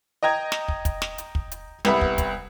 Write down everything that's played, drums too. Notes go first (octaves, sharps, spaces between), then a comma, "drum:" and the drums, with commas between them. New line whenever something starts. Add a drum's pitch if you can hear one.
D#5 G5 A#5 G#6
drum: snare
drum: kick
drum: kick, hi-hat
drum: snare
drum: hi-hat
drum: kick
drum: hi-hat
C2 B3 E5 B5, drum: snare
drum: kick
drum: kick, hi-hat